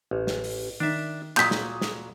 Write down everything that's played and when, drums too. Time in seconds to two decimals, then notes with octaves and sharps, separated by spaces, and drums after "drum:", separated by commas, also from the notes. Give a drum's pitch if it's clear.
0.11 A1
0.27 drum: snare
0.44 drum: open hi-hat
0.80 D#3 D4 E5
1.37 A#2 F#3 D#6 G6 B6, drum: clap
1.51 drum: snare
1.82 drum: snare